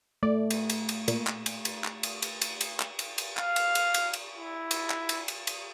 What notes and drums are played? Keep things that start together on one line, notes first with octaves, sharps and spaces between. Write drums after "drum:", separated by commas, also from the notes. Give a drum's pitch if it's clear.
A3 D5
drum: cymbal
drum: cymbal
drum: cymbal
A#2, drum: cymbal
drum: clap
drum: cymbal
drum: cymbal
drum: clap
drum: cymbal
drum: cymbal
drum: cymbal
drum: cymbal
drum: clap
drum: cymbal
drum: cymbal
F5, drum: clap
drum: cymbal
drum: cymbal
drum: cymbal
drum: cymbal
E4
drum: cymbal
drum: clap
drum: cymbal
drum: cymbal
drum: cymbal